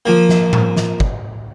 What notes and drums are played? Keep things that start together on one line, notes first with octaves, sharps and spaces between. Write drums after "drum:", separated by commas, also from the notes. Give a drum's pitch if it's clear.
F3 A#3
drum: snare
drum: tom A2
drum: snare
drum: kick G1